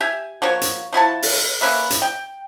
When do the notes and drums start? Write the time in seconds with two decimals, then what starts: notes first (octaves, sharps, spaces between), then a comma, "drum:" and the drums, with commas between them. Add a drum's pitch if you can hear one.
0.01 G4 E5 G#5
0.42 F3 A#3 F#4 C#5
0.61 drum: hi-hat
0.93 F3 E4 F#4 A5
1.22 drum: open hi-hat
1.61 A#3 C#4 B4 E5
1.90 drum: hi-hat
2.02 G5